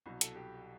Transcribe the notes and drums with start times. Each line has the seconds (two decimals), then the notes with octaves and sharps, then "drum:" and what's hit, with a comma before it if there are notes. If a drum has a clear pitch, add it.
0.06 C2 B2 F#3
0.21 A4, drum: hi-hat
0.36 G4